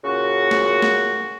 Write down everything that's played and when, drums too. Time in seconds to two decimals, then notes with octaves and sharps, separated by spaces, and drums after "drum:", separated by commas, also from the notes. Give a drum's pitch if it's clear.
0.04 A#2 C#3 F#4
0.51 drum: snare
0.82 drum: snare